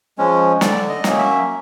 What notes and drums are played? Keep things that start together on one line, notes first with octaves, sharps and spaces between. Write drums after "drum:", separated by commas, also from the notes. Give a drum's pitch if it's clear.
F3 G#3 C#4
D3 D5, drum: snare
D#5
F#3 A#3 C#4, drum: snare
E5